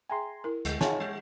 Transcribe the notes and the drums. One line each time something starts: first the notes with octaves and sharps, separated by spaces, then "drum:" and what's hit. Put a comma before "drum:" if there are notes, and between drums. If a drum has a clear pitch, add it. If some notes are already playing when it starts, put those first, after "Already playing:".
G#4 E5 G5 G#5 A#5 C6
E4 A#4
D2 G3, drum: hi-hat
D#4 F4 G#4 C#5 F5 F#5 G#5 A5, drum: snare
G3